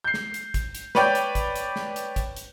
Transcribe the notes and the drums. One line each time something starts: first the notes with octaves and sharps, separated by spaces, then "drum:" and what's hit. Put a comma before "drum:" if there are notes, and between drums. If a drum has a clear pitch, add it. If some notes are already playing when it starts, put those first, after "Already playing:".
G6 C7
drum: snare
drum: hi-hat
drum: kick, hi-hat
drum: hi-hat
B4 C#5 D5 G5 G6, drum: snare
drum: hi-hat
drum: kick, hi-hat
drum: hi-hat
drum: snare
drum: hi-hat
drum: kick, hi-hat
drum: hi-hat